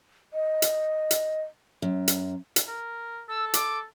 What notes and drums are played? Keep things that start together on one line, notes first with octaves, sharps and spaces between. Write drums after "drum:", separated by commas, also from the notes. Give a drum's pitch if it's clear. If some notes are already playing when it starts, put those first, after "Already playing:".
D#5
drum: hi-hat
drum: hi-hat
F#2
drum: hi-hat
drum: hi-hat
A#4
A4 E6
D6, drum: hi-hat